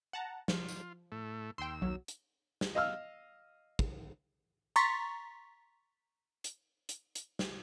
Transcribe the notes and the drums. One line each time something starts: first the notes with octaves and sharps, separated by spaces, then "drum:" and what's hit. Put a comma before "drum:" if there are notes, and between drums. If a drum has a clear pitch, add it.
F#5 A5 A#5
F3 F4, drum: snare
drum: tambourine
A2 A3
D#2 G5 C6 E6
B1 F#3
drum: hi-hat
drum: snare
D#5 F5 E6 F6
drum: kick
A#5 C6 C#6 A6 B6
drum: hi-hat
drum: hi-hat
drum: hi-hat
drum: snare